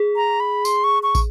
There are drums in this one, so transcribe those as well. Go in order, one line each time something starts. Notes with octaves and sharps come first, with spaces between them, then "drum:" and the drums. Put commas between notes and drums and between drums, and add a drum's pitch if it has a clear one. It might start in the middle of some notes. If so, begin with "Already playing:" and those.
Already playing: G#4
A#5
B5
C6, drum: tambourine
C#6
C#6
drum: kick, tambourine